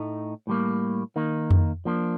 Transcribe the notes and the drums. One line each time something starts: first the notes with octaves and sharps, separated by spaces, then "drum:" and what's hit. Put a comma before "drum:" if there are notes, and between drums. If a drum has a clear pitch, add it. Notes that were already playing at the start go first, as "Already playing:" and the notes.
Already playing: A2 A3 D#4
A2 G3 A#3
D#3 A#3 D#4
drum: tom F2
F3 A#3 D4